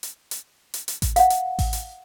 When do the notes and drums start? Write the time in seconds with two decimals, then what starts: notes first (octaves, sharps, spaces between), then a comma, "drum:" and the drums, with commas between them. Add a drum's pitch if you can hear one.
0.03 drum: hi-hat
0.31 drum: hi-hat
0.74 drum: hi-hat
0.88 drum: hi-hat
1.02 drum: kick A1, hi-hat
1.16 F5 F#5, drum: hi-hat
1.30 drum: hi-hat
1.59 drum: kick A1, open hi-hat
1.73 drum: hi-hat